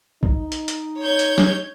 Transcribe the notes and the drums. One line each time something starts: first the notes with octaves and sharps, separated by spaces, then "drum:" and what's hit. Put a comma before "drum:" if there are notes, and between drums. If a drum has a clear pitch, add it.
D#4, drum: kick B1
drum: hi-hat
drum: hi-hat
C#5 G6 G#6
drum: hi-hat
drum: snare